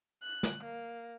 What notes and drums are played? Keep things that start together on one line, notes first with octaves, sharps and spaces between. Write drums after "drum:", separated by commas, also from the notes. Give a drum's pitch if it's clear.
F#6
drum: snare
A#3